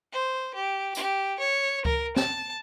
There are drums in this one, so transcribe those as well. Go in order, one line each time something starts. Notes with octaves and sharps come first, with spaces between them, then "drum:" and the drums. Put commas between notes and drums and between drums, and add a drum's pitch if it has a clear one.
C5
G4
G4, drum: tambourine
C#5
A#4, drum: kick C#2
A5, drum: snare